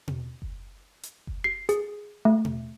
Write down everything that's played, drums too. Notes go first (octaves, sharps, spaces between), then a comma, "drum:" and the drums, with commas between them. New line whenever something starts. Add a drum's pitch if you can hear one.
drum: tom B2
drum: kick F#1
drum: hi-hat
drum: kick F#1
C7
G#4, drum: hi-hat
A3
drum: tom B2